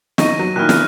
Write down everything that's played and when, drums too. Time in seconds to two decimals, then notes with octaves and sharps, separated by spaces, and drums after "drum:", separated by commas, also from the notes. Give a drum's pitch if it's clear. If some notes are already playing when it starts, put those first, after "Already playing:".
0.18 D#4 C#6 A#6 D#7, drum: snare
0.39 F#3
0.56 A#2 D#3 E4 F6 F#6
0.69 drum: snare